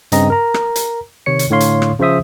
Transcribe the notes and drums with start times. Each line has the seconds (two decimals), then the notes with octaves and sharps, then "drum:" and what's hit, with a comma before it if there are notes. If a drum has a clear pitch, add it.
0.12 G2 C#3 C4 D#5 A#5, drum: hi-hat
0.30 A#4 A#5
0.54 drum: rim click
0.76 drum: hi-hat
1.26 C3 D#3 C#5 C#7
1.39 drum: hi-hat
1.50 A2 D3 C#5 F5 C6
1.60 drum: hi-hat
1.82 drum: rim click
1.99 C#3 F3 C5 E5 D#6